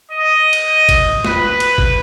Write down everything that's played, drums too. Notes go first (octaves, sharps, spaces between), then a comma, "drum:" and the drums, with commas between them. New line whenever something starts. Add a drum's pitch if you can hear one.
D#5
drum: cymbal
drum: kick, cymbal
B4, drum: snare
drum: cymbal
drum: kick